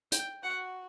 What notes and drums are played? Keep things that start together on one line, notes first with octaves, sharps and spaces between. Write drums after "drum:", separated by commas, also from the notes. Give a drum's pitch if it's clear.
G5, drum: hi-hat
F#4 F#5